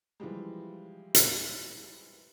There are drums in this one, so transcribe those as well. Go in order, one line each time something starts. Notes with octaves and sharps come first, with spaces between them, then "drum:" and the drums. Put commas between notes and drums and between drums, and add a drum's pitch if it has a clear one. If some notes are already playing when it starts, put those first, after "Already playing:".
E3 F3 G3 G#3
drum: hi-hat